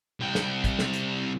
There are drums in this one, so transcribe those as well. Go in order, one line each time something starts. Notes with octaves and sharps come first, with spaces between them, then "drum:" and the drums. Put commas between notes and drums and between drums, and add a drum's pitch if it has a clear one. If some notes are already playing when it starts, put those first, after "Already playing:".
C2 G5
drum: snare
drum: kick, hi-hat
drum: snare
drum: hi-hat